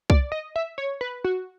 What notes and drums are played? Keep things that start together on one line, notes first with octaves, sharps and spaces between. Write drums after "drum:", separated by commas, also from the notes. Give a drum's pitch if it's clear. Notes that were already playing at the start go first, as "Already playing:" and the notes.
D5, drum: kick C2
D#5
E5
C#5
B4
F#4